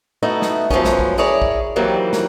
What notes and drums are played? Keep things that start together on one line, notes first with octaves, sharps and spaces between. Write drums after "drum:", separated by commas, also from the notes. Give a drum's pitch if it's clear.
A3 B3 D#4 E4 F#4
drum: snare
F#2 F3 G3 B3 C#4, drum: kick A#1
drum: snare
drum: kick A#1
E4 G#4 A#4 C#5 D5
drum: kick A#1
D#3 E3 F#3 G3 A#3 C4
drum: snare